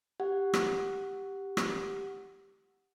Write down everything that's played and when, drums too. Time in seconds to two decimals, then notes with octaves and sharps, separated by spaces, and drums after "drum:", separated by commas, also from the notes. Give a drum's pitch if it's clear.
0.20 G4 F#5
0.54 drum: rim click
1.57 drum: rim click